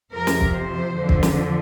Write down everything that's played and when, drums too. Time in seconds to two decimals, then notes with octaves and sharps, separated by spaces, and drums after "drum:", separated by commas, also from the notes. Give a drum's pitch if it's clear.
0.13 F2 C3 F3 A#4
0.27 drum: snare
0.41 drum: kick
0.54 C5
0.95 F2 D3 F3
1.09 drum: kick
1.23 drum: snare